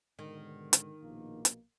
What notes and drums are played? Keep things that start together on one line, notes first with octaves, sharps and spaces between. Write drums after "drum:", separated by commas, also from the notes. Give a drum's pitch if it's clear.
G#2 B2 D3 D#3
drum: hi-hat
A#1 B2 A#3
drum: hi-hat